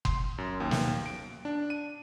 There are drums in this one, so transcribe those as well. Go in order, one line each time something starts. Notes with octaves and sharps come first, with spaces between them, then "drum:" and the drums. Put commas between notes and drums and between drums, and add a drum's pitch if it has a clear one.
C6, drum: kick F#1
F#2
D#2
drum: snare
D7
D4
D#7